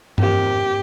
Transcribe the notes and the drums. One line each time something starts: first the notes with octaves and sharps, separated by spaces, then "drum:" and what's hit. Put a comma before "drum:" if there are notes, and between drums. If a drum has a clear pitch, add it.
F2 C3 D#3 G4, drum: tom G2